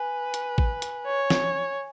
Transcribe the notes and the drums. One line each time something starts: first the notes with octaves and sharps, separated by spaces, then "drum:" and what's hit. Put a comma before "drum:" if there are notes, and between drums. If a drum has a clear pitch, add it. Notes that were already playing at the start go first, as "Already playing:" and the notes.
Already playing: B4 G#5
drum: hi-hat
drum: kick A1
drum: hi-hat
C#5
drum: snare